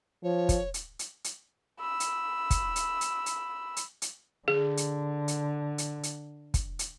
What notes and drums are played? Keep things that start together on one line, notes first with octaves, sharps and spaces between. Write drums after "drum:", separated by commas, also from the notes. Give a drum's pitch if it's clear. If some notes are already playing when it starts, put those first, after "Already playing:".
F3 C#5
drum: kick, hi-hat
drum: hi-hat
drum: hi-hat
drum: hi-hat
B5 E6
drum: hi-hat
drum: kick, hi-hat
drum: hi-hat
drum: hi-hat
drum: hi-hat
drum: hi-hat
drum: hi-hat
D3 G#4
drum: hi-hat
drum: hi-hat
drum: hi-hat
drum: hi-hat
drum: kick, hi-hat
drum: hi-hat